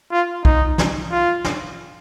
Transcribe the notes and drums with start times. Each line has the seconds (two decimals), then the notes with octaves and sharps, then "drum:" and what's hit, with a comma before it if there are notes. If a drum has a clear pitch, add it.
0.12 F4
0.45 D#4, drum: kick B1
0.78 drum: snare
1.11 F4
1.44 drum: snare